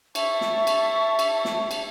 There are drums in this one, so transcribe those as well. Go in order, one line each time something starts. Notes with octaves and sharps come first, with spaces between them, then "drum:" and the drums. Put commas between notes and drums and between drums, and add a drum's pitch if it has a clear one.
E5 A5 C#6, drum: cymbal
drum: snare
drum: cymbal
drum: cymbal
drum: snare
drum: cymbal